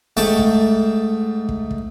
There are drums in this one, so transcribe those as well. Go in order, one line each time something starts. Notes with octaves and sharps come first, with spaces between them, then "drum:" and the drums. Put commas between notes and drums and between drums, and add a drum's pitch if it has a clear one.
G#2 A3 G5 A5 C#6 D6
drum: kick
drum: kick
drum: kick